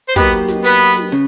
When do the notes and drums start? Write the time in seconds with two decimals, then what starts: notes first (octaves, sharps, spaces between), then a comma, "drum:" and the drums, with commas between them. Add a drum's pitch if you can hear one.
0.09 C5
0.16 F#3 A#3 B3 D#4 G4 B4, drum: kick, hi-hat
0.32 drum: hi-hat
0.48 drum: snare
0.64 B3 B4, drum: hi-hat
0.81 drum: open hi-hat
0.97 drum: snare
1.12 C#3, drum: hi-hat